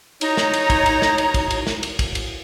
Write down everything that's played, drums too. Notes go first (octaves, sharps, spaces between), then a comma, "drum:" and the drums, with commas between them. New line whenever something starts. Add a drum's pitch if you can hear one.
D#4 C#5 A#5, drum: cymbal
drum: snare
drum: cymbal
drum: kick, cymbal
drum: cymbal
drum: snare
drum: cymbal
drum: kick, cymbal
drum: cymbal
drum: snare
drum: cymbal
drum: kick, cymbal
drum: cymbal